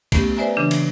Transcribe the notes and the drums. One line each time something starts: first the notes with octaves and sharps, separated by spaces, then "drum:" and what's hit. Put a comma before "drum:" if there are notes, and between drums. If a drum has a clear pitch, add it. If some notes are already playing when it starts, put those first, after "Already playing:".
A3 B3 C#4 G4, drum: kick B1, cymbal
B4 C5 D5 E5 G#5 A#5
C#3 E3 D4
drum: cymbal